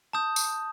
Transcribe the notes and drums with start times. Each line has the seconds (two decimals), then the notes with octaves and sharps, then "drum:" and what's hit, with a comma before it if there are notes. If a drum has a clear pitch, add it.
0.13 A5 D#6 G6
0.36 drum: tambourine